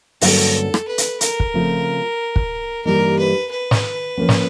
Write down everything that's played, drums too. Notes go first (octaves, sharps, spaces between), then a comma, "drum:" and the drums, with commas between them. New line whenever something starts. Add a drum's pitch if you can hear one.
G2 D3 F#3 A#3 C#4 A4, drum: open hi-hat
drum: rim click
B4
drum: hi-hat
A#4, drum: hi-hat
drum: kick
C#3 F3 A3 C4 F4
drum: kick
G2 E3 G3 A#3 D#4 A#4
B4
B4
drum: snare
F3 A#3 C#4
drum: snare